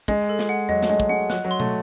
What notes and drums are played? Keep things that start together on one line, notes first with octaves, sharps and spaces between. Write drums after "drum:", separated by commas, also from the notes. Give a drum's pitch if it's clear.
G#3 D#5, drum: kick
A4
drum: snare
F#5
F#3 D#5, drum: tom E2
A3, drum: snare
G#3 D#5
drum: kick
G#3 F#5
F#3 F#6, drum: snare
F#3
C6
A3, drum: tom